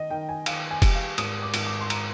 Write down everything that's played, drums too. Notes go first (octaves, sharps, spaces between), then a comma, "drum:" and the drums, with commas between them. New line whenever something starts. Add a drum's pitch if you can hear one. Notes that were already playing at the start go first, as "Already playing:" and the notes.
Already playing: D#3 D#5
D#3 G5
G#5
D#3 F5, drum: cymbal
G#5
G3, drum: kick F1, cymbal
F5
G#1 D#6, drum: cymbal
D6
G#1, drum: cymbal
D6
C6
A#5, drum: cymbal